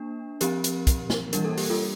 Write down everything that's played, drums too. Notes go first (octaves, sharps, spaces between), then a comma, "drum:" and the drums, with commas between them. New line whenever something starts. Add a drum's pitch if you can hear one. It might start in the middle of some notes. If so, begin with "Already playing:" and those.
Already playing: A#3 D4
F3 C4 G4 A#4, drum: hi-hat
drum: hi-hat
drum: kick, hi-hat
drum: snare
E3 G3 A#3 D4 A#4, drum: hi-hat
A4
G4, drum: open hi-hat
F4 A4